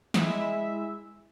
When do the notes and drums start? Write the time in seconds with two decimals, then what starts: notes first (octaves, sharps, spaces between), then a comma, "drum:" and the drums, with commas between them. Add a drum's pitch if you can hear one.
0.14 G#3 E4 E5, drum: snare